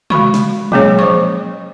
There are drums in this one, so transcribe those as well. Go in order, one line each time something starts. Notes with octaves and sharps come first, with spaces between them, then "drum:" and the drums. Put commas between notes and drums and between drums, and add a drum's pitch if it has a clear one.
G#3 F#4 B5 C#6, drum: tom
drum: snare
F#3 G#3 A#3 C#4 G#4 C#5, drum: tom A#2
F3 C5 C#6